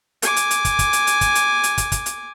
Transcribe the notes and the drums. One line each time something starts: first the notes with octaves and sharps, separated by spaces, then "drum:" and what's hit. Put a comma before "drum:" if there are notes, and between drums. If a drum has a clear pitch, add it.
G#5 D6, drum: hi-hat
drum: hi-hat
drum: hi-hat
drum: kick, hi-hat
drum: kick, hi-hat
drum: hi-hat
drum: hi-hat
drum: kick, hi-hat
drum: hi-hat
drum: hi-hat
drum: kick, hi-hat
drum: kick, hi-hat
drum: hi-hat